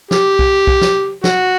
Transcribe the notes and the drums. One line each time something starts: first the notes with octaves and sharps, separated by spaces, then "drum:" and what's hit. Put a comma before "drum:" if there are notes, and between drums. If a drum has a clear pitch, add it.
G4, drum: snare
drum: kick B1
drum: kick B1
drum: snare
F#4, drum: snare